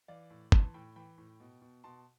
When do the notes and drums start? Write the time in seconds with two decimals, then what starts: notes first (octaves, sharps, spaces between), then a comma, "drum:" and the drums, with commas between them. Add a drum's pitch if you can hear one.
0.08 E3 D5 F5
0.30 A2
0.52 E3 A5 C6, drum: kick
0.74 A2 G5 B5
0.96 E3 G5 B5
1.18 A2
1.40 B2
1.62 B2
1.84 B2 A5 C6